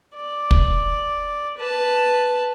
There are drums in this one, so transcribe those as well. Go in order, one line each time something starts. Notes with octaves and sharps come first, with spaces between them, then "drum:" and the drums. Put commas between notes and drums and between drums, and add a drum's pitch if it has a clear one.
D5
drum: kick
B4 A5